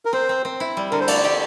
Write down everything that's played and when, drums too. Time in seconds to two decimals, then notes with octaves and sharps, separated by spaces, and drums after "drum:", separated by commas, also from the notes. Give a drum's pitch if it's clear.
0.05 A#4
0.13 C4 C5
0.29 C4
0.45 C4
0.60 E4
0.77 G3
0.92 D3 A#4
1.00 C5
1.07 A3 D5, drum: cymbal
1.24 G4